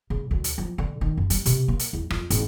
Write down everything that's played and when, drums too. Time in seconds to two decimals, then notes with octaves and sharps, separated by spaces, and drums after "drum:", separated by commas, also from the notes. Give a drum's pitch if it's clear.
0.10 C#3
0.31 D2
0.44 drum: hi-hat
0.58 F3
0.78 D3
1.01 D#3
1.17 F#2
1.30 G3, drum: hi-hat
1.46 C3, drum: hi-hat
1.68 A#3
1.79 drum: hi-hat
1.93 E2
2.10 F2, drum: rim click
2.30 G#1, drum: hi-hat